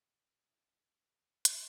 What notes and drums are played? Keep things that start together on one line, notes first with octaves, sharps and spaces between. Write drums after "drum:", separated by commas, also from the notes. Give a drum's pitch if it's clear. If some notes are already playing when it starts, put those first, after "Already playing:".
Already playing: B2 A3 C#4
B2 A3 C#4 E4 G#4
E2 D#3 A3
drum: hi-hat